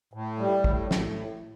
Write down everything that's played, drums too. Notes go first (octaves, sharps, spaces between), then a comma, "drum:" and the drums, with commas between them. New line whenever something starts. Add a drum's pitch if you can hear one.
A2
G3
A2, drum: kick
A2, drum: snare